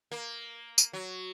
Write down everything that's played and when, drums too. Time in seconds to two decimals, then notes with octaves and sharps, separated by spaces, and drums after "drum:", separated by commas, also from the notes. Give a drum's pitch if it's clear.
0.11 A#3
0.78 drum: tambourine
0.93 F#3